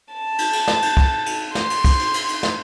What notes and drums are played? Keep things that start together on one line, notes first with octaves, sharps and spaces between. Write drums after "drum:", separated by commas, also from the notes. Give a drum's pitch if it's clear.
A5
drum: cymbal
drum: cymbal
drum: snare
drum: cymbal
drum: kick
drum: cymbal
C6, drum: snare
drum: cymbal
drum: kick, cymbal
drum: cymbal
drum: cymbal
drum: cymbal
drum: snare